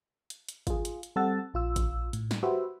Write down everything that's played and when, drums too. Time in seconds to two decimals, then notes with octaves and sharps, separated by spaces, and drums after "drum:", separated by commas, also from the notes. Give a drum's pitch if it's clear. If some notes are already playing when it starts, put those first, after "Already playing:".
0.30 drum: hi-hat
0.49 drum: hi-hat
0.67 F4 G#4, drum: kick, hi-hat
0.85 drum: hi-hat
1.03 drum: hi-hat
1.16 G3 C4 A4 F#5 E6 A6
1.54 A#1 F4 E6
1.76 drum: kick, hi-hat
2.13 A2, drum: hi-hat
2.31 drum: snare
2.43 F#4 G4 B4 C5 E5